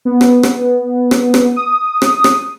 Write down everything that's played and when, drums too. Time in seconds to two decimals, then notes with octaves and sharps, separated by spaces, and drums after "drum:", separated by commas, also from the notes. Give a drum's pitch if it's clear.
0.05 B3
0.21 drum: rim click
0.43 drum: rim click
1.11 drum: rim click
1.34 drum: rim click
1.56 D#6
2.02 drum: rim click
2.24 drum: rim click